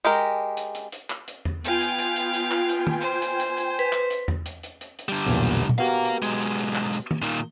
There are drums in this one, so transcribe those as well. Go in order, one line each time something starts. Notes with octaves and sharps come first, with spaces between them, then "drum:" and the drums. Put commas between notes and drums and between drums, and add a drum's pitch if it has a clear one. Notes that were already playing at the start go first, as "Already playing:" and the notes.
G#3 G4 A#4
drum: hi-hat
drum: hi-hat
drum: hi-hat
drum: clap
drum: hi-hat
drum: tom E2
B3 F4 F5 G5 G#5, drum: hi-hat
drum: hi-hat
drum: hi-hat
drum: hi-hat
drum: hi-hat
drum: clap
drum: hi-hat
drum: tom
C5
drum: hi-hat
drum: hi-hat
drum: hi-hat
B4
drum: clap
drum: hi-hat
drum: tom E2
drum: hi-hat
drum: hi-hat
drum: hi-hat
drum: hi-hat
D3 G3
B1 E2 A#2
drum: hi-hat
drum: tom
B3 F#4 G4 A#4 F5
drum: hi-hat
B1 G#3, drum: hi-hat
drum: hi-hat
drum: hi-hat
drum: clap
drum: hi-hat
drum: tom
A#2 D#3